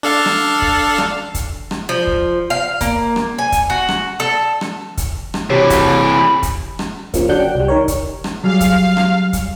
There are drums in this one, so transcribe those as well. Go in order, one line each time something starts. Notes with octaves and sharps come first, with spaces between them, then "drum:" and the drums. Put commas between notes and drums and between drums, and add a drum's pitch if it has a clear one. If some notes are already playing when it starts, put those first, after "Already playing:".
D4 A4 F5
drum: rim click
drum: kick
drum: rim click
drum: kick, hi-hat
drum: rim click
F3
drum: kick
F5
A#3, drum: kick, hi-hat
drum: rim click
G#5
drum: kick, hi-hat
F#4
drum: rim click
A4
drum: rim click
drum: kick, hi-hat
drum: rim click
C3 E3 F#4 G4 C#5
drum: kick, hi-hat
B5
drum: kick, hi-hat
drum: rim click
C#3 F3 A#3, drum: kick, hi-hat
D3 F#3 D4 F#5 G6
G5
C2 G3
D#3 A#4 C#5
drum: kick, hi-hat
drum: rim click
F#3 G3 G#4 F5
drum: kick, hi-hat
drum: rim click
drum: kick, hi-hat